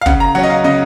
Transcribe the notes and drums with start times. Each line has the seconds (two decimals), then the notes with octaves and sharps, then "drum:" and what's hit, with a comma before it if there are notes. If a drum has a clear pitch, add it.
0.01 F5
0.06 C#3 F#5, drum: kick
0.20 A#5
0.35 F#3 C#4 F#5
0.44 D#5
0.50 F5
0.64 C#3 D#5